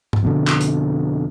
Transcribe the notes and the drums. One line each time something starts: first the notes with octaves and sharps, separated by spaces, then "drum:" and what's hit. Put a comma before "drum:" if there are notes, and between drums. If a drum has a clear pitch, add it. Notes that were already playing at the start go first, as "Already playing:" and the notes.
drum: tom
F2 B2 D3
drum: clap
drum: hi-hat